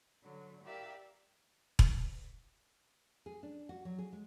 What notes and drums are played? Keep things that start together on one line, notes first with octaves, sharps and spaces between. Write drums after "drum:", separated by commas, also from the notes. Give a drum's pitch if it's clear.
D3 F#3
E4 G4 A#4 D5 E5 F5
drum: kick E1
G#4
D4
F#4
F#3
G#4
G#3